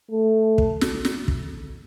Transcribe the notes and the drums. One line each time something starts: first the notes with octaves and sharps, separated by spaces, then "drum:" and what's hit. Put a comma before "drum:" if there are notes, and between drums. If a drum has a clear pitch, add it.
A3
drum: kick
drum: snare
drum: snare
drum: kick